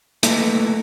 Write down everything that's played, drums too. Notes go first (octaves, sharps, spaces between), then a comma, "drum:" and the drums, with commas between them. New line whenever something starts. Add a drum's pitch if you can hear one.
A3 A#3 E4 A4 B4 D#5, drum: hi-hat